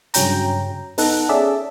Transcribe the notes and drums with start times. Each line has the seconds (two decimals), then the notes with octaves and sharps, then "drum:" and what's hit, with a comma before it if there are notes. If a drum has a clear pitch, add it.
0.14 G2 C#3 F#3 C#4 G5 A#5, drum: hi-hat
0.98 B3 D#4 A4 F#5, drum: open hi-hat
1.29 C#4 G#4 A4 D5 E5